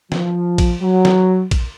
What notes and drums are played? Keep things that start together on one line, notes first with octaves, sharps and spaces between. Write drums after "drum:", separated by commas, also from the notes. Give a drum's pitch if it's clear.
F3, drum: snare
drum: kick A#1, cymbal
F#3
drum: snare
drum: kick A#1, cymbal